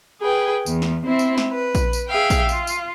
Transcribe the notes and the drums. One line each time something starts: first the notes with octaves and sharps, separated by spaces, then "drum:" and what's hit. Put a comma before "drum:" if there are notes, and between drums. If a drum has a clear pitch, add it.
G#4 B4 G5
E2, drum: tambourine
drum: snare
C4 E4
drum: tambourine
drum: snare
B4
drum: kick A#1, tambourine
drum: tambourine
G#4 E5 F5 G5
drum: kick A#1, tambourine
F4, drum: tambourine
drum: tambourine